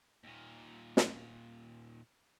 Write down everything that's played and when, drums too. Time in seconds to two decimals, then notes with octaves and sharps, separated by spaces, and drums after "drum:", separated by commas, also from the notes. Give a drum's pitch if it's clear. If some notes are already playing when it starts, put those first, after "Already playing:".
0.24 D#2 A#2
0.97 drum: snare